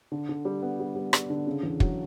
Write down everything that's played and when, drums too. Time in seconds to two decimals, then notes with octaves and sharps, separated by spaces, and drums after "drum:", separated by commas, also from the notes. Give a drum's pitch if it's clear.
0.12 D3
0.29 D3
0.45 G3
0.62 B3
0.80 G3
0.96 G3
1.13 G3, drum: rim click
1.30 D3
1.47 C#3
1.63 E2
1.80 F#3, drum: kick